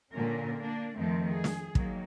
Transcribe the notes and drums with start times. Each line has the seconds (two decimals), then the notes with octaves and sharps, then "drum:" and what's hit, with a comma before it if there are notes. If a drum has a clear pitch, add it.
0.13 A#2 D3 A#3 C#4 A#4
0.58 A#3 D4
0.98 F2 D#3 F3 A3 C4
1.31 G#4
1.44 drum: snare
1.75 D#3 F#3 A#3, drum: kick